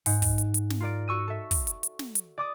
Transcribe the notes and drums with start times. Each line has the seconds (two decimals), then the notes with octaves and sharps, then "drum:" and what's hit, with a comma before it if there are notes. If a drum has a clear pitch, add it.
0.06 G#2 F#5, drum: open hi-hat
0.22 drum: kick, open hi-hat
0.38 drum: hi-hat
0.54 drum: hi-hat
0.70 drum: snare
0.80 F4 A#4 D5 D7
1.08 F#4 C#6 E6 D#7
1.28 A4 E5
1.51 drum: kick, open hi-hat
1.67 drum: hi-hat
1.83 drum: hi-hat
1.99 drum: snare
2.15 drum: hi-hat
2.38 D5 D6 D#6